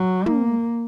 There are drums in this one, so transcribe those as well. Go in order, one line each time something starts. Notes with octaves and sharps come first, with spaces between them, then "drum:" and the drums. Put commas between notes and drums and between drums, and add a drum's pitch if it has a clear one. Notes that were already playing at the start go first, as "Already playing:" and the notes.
Already playing: F#3
A#3, drum: tom